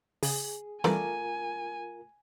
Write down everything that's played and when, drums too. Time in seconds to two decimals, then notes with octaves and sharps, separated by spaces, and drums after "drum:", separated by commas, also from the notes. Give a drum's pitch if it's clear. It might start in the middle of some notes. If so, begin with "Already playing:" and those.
0.23 C#3 G#4, drum: open hi-hat
0.84 E3 G3 A3 F4 A#4 D5 G#5, drum: snare